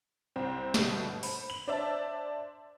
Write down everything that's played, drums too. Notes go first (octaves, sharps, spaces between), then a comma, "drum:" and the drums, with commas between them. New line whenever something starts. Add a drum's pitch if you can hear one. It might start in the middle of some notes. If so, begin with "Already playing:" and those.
C2 C4
G1 B2 G3 A3, drum: snare
C5 B5, drum: open hi-hat
F#7
D4 C5 D5 E5 A5